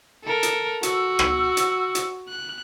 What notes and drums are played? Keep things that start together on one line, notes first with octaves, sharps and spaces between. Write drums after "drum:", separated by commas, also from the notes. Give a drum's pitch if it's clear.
A4 A#4
drum: hi-hat
F#4 E6, drum: hi-hat
drum: rim click
drum: hi-hat
drum: hi-hat
F#6